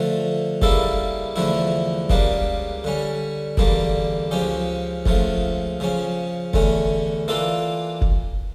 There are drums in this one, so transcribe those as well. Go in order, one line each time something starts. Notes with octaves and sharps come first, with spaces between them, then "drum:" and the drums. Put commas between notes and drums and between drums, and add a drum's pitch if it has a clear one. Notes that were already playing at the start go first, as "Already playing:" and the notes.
Already playing: D3 F3 A3
C#3 G3 A#3 E4 A4, drum: kick F1
E2 D3 F3 A3 E4
C#2 C#3 G3 A#3 D4, drum: kick F1
D3 G3 C#4
E2 D3 G3 A#3 D4, drum: kick F1
C#2 C#3 F3 C#4 G4
C#2 C#3 F3 A3, drum: kick F1
C#3 F3 C#4
E2 D3 A3 C#4, drum: kick F1
E3 A#3 D4 F4 A4
drum: kick F1